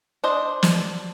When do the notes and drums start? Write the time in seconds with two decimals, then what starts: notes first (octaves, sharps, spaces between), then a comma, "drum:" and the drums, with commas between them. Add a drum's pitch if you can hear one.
0.24 D4 C5 D#5
0.63 drum: snare